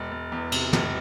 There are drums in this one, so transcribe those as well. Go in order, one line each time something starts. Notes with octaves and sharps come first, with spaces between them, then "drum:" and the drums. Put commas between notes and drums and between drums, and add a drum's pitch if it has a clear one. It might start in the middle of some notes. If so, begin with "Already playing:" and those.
Already playing: E1
E1
E2
C3, drum: cymbal
E1, drum: tom